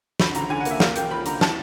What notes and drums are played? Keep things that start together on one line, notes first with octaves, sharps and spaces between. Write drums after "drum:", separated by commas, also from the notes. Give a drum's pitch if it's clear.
D3 B5, drum: snare
D3 A#5, drum: hi-hat
D3 G#5
F#5
A#3, drum: hi-hat
E5
A#3 F5, drum: snare
A#3 G5, drum: hi-hat
F3 B5
D3 A#5, drum: hi-hat
E3 A5, drum: snare